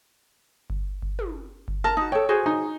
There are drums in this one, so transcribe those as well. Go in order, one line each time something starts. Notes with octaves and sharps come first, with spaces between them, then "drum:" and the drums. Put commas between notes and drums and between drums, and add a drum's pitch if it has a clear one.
drum: kick G1
drum: kick G1
drum: tom
drum: kick G1
A#4 A5
D#4 F#4
A4 C#5 G5
F#4 G#4 C5
D#4